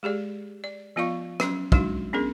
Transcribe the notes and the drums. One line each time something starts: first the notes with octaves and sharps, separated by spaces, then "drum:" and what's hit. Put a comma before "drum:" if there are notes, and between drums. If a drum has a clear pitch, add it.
G#3 G4 G#4 D5
D5
F3 B3 F4 D5 F5 C#6
F#3 C#4 C6, drum: rim click
F#3 G#3 D4 D#4 F#4, drum: kick
B3 C#4 D4 G#4 A#4